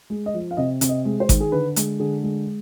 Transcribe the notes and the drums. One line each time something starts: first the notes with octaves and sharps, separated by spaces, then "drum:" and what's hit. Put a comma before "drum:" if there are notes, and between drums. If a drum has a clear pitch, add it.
G#3
D#5
F3
F5
C3 D#5
C3, drum: hi-hat
D#5
G#3
C5
D#3, drum: kick G#1, hi-hat
G#4
D3 B4
G#3, drum: hi-hat
D3 G#4
G#3